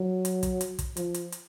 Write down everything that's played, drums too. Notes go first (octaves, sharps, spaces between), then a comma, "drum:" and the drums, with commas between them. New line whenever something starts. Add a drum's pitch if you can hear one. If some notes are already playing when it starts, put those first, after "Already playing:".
Already playing: F#3
drum: hi-hat
drum: kick, hi-hat
drum: hi-hat
drum: kick, hi-hat
F3, drum: hi-hat
drum: hi-hat
drum: hi-hat